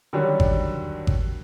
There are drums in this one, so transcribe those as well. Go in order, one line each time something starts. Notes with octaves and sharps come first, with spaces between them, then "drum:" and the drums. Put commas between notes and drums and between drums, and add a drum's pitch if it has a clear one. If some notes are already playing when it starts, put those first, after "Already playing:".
D3 D#3 F#3 G3 C#4 D4
drum: kick G#1
drum: kick G#1